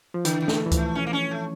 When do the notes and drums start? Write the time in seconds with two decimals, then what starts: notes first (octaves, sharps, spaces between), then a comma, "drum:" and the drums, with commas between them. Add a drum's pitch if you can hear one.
0.14 F3
0.25 D3 E3, drum: hi-hat
0.42 D3
0.48 A3, drum: snare
0.66 E3
0.72 F3, drum: kick C#2, hi-hat
0.77 A3
0.95 C#4
1.07 A#3
1.13 C#4
1.31 A3